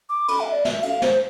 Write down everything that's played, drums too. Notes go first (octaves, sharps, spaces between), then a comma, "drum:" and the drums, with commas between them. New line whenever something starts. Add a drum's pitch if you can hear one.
D6
B5, drum: cymbal
E5
D5
E5, drum: snare
F5, drum: cymbal
C5, drum: snare